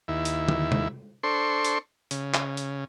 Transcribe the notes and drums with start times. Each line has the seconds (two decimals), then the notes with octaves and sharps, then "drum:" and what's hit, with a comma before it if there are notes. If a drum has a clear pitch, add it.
0.08 D#2 E4
0.25 drum: hi-hat
0.49 drum: tom D3
0.72 drum: tom
1.23 D4 A4 C5 C6 C#6
1.65 drum: hi-hat
2.11 C#3, drum: hi-hat
2.34 drum: clap
2.57 drum: hi-hat